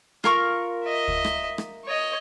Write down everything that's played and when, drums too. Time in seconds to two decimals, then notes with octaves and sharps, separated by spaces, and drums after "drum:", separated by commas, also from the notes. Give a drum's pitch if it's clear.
0.24 F4 A#4 C#6, drum: rim click
0.83 D#5 E5
1.08 drum: kick
1.25 drum: rim click
1.58 drum: rim click
1.85 C#5 D#5